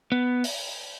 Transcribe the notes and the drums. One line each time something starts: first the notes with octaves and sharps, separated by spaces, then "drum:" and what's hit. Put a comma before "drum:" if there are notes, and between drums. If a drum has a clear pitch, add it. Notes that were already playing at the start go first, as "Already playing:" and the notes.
B3
drum: open hi-hat